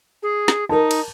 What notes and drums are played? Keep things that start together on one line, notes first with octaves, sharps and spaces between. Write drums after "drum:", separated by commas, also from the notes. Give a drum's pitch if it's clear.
G#4
drum: snare
D#4 A#4 A5
drum: cymbal